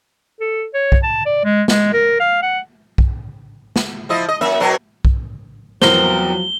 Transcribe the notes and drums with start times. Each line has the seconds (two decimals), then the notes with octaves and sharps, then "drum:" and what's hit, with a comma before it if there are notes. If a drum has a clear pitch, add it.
0.40 A4
0.74 C#5
0.92 drum: kick B1
1.03 A5
1.26 D5
1.44 G#3
1.68 G#3, drum: snare
1.93 A#4
2.20 F5
2.43 F#5
2.98 drum: kick B1
3.76 drum: snare
4.09 F3 E4 D#5
4.29 D#5
4.41 F#2 A#3 E5
4.60 B2 F#3 A#4
5.05 drum: kick B1
5.82 E2 F3 F#3 B3 C4 A#4 G7, drum: snare